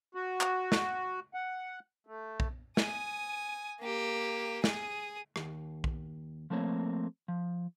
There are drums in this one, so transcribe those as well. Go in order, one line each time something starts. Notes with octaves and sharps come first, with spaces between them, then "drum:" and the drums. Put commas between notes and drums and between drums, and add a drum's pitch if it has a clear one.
F#4
drum: clap
drum: snare
F#5
A3
drum: kick B1
G#5 D#6, drum: snare
A#3 G4
G#4 D#6, drum: snare
D#2, drum: rim click
drum: kick B1
F3 A3 A#3 C4 C#5
F3